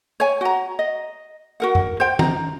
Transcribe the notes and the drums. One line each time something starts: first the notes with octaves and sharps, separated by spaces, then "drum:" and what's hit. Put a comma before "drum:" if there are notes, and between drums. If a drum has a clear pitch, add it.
C#5 G#5
F#4 A#5
D#5
F#4 A#4 F#5
drum: tom F#2
C5 G5
A#5, drum: tom